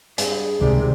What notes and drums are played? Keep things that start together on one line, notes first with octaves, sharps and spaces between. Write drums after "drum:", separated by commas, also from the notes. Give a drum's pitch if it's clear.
G2 G#4, drum: hi-hat
C#2 G#2 C3 D#3 G3